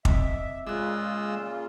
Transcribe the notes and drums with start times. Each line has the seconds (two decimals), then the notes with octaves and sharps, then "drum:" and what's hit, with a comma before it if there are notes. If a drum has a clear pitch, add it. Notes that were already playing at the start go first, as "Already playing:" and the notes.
0.05 C4 D#5 E5 D6, drum: kick
0.67 A#2 C#3 G#3 F4 D6 E6 F#6